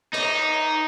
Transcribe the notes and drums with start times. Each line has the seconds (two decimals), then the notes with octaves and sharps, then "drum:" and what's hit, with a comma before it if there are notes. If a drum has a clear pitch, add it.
0.14 D#4, drum: cymbal